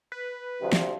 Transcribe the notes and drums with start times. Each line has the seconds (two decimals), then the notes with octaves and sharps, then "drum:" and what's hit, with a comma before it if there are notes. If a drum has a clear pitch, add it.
0.12 B4
0.61 D2 C3 F3
0.73 drum: snare